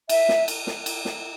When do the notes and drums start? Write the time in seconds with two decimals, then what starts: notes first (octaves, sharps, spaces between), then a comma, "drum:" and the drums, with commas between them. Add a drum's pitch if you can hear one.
0.09 E5, drum: cymbal
0.29 drum: snare
0.48 drum: cymbal
0.67 drum: snare
0.86 drum: cymbal
1.05 drum: snare